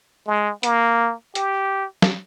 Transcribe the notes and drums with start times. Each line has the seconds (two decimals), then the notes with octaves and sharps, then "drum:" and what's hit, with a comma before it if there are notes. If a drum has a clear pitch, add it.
0.27 G#3
0.63 A#3, drum: hi-hat
1.35 G4, drum: hi-hat
2.02 drum: snare